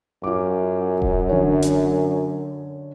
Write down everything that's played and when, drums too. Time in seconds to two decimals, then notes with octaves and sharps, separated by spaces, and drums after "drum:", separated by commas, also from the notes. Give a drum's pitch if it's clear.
0.24 F#2 F4 D6
1.02 drum: kick D#1
1.29 D3 C#4 C#5
1.62 drum: hi-hat